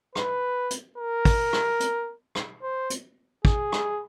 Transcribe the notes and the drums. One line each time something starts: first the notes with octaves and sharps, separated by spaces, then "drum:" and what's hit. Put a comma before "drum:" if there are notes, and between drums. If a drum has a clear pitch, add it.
B4, drum: rim click
drum: hi-hat
A#4
drum: kick, open hi-hat
drum: rim click
drum: hi-hat
drum: rim click
C5
drum: hi-hat
G#4, drum: kick
drum: rim click